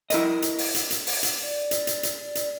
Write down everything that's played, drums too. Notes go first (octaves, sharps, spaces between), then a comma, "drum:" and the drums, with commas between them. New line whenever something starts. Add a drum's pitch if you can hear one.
E4 A#4 D#5, drum: hi-hat
drum: hi-hat
drum: open hi-hat
drum: hi-hat
drum: hi-hat
drum: open hi-hat
drum: hi-hat
D5
drum: hi-hat
drum: hi-hat
drum: hi-hat
drum: hi-hat